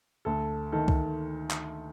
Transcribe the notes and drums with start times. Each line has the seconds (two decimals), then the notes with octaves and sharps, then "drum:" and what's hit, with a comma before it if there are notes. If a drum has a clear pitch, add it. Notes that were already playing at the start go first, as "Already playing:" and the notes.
0.25 D2 A4
0.72 D#3 A4
0.88 drum: kick C2
1.51 drum: clap